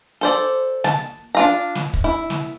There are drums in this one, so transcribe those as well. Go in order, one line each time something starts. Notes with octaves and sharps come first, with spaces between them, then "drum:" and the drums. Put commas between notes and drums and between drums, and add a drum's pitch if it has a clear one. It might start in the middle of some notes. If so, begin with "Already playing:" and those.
A4 C5 D5
A5, drum: snare
D4 F4 A#5
drum: snare
drum: kick
E4
drum: snare